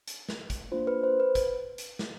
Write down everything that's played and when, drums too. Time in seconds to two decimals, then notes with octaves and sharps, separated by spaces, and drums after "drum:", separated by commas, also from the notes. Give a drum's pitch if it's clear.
0.07 drum: hi-hat
0.29 drum: snare
0.50 drum: kick, hi-hat
0.72 A#3 D4 F4 C5
0.87 B4
1.03 C5
1.20 B4
1.35 drum: kick, hi-hat
1.78 drum: hi-hat
1.99 drum: snare